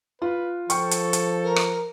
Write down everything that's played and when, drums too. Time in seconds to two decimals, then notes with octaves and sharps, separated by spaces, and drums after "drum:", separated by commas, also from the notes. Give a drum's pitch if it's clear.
0.22 F4 B4
0.70 F3 A4 G5 C#6, drum: hi-hat
0.91 drum: hi-hat
1.13 drum: hi-hat
1.43 A#4
1.56 drum: rim click